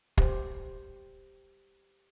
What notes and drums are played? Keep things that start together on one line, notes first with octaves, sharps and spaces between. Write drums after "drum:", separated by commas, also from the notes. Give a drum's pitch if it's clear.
G4 C5, drum: kick